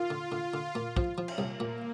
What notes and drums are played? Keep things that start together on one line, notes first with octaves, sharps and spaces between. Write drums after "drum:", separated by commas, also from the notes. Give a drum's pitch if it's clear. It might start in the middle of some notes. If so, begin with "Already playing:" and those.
Already playing: D#3 F4
D3
D3
D3
A#2
F3, drum: kick
F3
drum: cymbal
C2 A#3
A#2